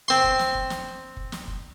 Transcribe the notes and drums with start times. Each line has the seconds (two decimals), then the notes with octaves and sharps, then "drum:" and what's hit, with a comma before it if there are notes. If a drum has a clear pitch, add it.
0.08 C4 C6
0.24 drum: kick
0.39 drum: snare
0.55 drum: kick
0.70 drum: snare
1.17 drum: kick
1.32 drum: snare
1.48 drum: kick